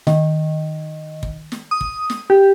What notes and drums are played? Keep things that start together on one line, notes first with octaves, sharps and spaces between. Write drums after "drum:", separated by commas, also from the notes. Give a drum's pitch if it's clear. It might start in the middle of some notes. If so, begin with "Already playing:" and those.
D#3, drum: snare
drum: kick
drum: snare
D#6
drum: kick
drum: snare
G4